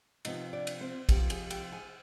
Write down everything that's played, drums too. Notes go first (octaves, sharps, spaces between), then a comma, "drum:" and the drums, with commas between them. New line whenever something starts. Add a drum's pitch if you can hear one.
C3 F3 B3 D#4 D#5, drum: cymbal
D4 D5
drum: cymbal
C4 C5
C3 F3 B3 G4 G5, drum: kick, cymbal
G#4 G#5, drum: cymbal
G4 G5, drum: cymbal
G#4 G#5